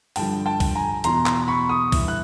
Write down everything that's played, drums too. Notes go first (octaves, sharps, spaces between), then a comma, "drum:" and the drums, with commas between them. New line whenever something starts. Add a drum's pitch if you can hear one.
G2 D3 F3 G5 A5, drum: open hi-hat
G5 A5
drum: kick, open hi-hat
G#5 A#5
E2 B2 A#5 C6, drum: hi-hat
A#5 C6, drum: clap
B5 C#6
C#6 D#6
G2 E3, drum: kick, open hi-hat
F#6